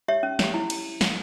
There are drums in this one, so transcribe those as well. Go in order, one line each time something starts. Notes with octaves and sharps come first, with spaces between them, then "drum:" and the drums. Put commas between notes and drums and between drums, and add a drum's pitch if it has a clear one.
G4 C#5 E5
C#4
G4 C#5, drum: snare
E4
drum: cymbal
drum: snare